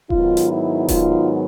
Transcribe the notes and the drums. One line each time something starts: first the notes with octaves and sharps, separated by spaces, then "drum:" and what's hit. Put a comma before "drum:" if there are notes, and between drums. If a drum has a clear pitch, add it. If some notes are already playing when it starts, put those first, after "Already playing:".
G#2 D#3 F#3 B3 D#4 F4, drum: kick D#1
drum: hi-hat
E4
F4, drum: kick D#1, open hi-hat